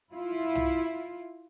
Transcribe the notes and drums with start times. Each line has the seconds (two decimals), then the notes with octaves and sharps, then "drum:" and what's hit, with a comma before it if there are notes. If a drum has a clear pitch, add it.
0.14 E4 F4
0.55 drum: tom